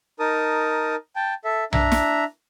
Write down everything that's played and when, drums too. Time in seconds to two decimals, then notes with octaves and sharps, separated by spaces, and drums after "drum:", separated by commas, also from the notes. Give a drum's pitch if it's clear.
0.19 D#4 A#4 A5 D#6
1.16 G5 A5
1.45 A4 E5
1.73 D4 E5 A#5, drum: tom B1
1.92 drum: snare